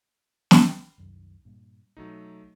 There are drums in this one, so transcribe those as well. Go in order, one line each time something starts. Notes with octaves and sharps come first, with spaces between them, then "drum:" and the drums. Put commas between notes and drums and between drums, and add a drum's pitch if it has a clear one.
drum: snare
C2 F#2 D#3
G2 A#2
B1 F#3 A3 D#4